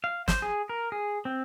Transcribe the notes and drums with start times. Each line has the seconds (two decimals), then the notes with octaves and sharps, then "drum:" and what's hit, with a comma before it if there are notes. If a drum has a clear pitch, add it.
0.04 F5
0.28 C5, drum: snare
0.42 G#4
0.69 A#4
0.92 G#4
1.25 C4